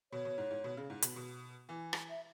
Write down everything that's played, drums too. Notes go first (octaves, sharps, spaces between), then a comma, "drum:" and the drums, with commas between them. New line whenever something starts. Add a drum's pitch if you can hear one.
B2 C#5
B2
G#2
G#2
B2
C#3
G#2
B2, drum: hi-hat
B2
E3
drum: rim click
E5